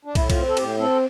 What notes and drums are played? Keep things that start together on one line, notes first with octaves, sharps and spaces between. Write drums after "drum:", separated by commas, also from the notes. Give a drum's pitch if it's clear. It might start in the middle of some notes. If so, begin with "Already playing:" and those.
D4
A2 E4, drum: kick, cymbal
F4, drum: kick, cymbal
C4
A4
A2 G4, drum: cymbal
C4 A4